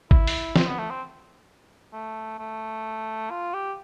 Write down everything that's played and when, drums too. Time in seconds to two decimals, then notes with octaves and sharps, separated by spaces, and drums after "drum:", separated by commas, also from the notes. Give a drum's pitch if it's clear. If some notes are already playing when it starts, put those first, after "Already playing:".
0.11 E4, drum: kick G#1
0.27 drum: open hi-hat
0.56 C4, drum: snare
0.67 B3
0.78 A3
0.90 C4
1.93 A3
2.39 A3
3.30 F4
3.54 G4